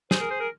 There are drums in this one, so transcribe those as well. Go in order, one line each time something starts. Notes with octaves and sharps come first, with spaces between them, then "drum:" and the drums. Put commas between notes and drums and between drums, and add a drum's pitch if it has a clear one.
G#4 C5, drum: snare
A#4
C5
A#4